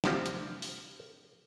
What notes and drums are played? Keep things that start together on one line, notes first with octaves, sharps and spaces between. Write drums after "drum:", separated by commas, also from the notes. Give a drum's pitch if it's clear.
D2 C3 F3, drum: snare
drum: hi-hat
drum: open hi-hat